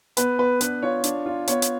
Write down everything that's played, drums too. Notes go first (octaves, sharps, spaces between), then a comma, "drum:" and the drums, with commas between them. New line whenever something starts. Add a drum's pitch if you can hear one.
B3 B4, drum: hi-hat
B3 B4
D4 B4, drum: hi-hat
F4 C#5
D4, drum: hi-hat
F4
B3 C#5, drum: hi-hat
drum: hi-hat